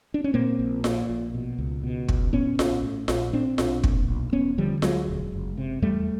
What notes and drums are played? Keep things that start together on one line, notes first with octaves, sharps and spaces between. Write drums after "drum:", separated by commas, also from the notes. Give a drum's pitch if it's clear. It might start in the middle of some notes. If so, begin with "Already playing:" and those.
D4
C#4
A#2 A#3 C4
A#1
A#2, drum: snare F4
A#1
B2
C#2
B2
C#2, drum: kick
A2 B3 C#4
A#1, drum: snare F4
A2
A#1, drum: snare F4
A#2 C4 D4
B1, drum: snare F4
A#2, drum: kick
B1
E1 B3 C#4
D3 F3 G3
D2 F#3 G#3, drum: snare F4
E1
F#1
C3
E2 G3 A3